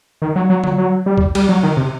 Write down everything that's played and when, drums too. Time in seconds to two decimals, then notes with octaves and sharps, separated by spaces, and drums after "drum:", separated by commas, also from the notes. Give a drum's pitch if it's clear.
0.22 D#3
0.36 F#3
0.50 F#3
0.64 F#3, drum: tom D3
0.78 F#3
1.06 G3
1.18 drum: kick
1.35 G3, drum: cymbal
1.49 F#3
1.63 D#3
1.77 C3